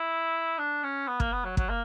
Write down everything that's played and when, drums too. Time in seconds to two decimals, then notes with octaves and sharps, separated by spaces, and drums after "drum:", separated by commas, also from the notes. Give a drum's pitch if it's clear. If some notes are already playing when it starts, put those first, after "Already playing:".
Already playing: E4
0.58 D4
0.83 C#4
1.08 B3
1.20 A#3, drum: kick
1.33 B3
1.45 F#3
1.57 F#3, drum: kick
1.69 A#3